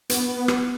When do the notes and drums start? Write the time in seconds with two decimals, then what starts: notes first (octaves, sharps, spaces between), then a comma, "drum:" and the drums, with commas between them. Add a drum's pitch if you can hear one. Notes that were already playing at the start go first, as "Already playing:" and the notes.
0.10 B3, drum: hi-hat
0.48 drum: rim click